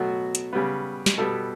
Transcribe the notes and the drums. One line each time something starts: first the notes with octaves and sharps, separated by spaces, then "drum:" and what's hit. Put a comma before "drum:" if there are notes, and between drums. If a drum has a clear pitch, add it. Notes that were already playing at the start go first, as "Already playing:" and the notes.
Already playing: B2 F#3 A3 F#4
drum: hi-hat
C#3 G3 B3
drum: snare
B2 G3 B3 A4